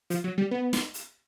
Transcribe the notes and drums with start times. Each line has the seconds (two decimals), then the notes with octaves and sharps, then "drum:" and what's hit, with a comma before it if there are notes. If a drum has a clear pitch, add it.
0.10 F3, drum: hi-hat
0.24 F#3
0.38 G3
0.51 B3
0.73 drum: snare
0.94 drum: hi-hat